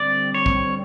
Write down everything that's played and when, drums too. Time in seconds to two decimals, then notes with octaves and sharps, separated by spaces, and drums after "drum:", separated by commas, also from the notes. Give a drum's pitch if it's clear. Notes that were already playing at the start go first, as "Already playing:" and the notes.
Already playing: D3 G3 C4 D5
0.34 C#5
0.46 drum: kick